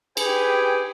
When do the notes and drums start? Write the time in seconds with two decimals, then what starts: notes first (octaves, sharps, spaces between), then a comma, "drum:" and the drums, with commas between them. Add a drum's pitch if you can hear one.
0.17 G4 G#4 B4 G5 G#5, drum: cymbal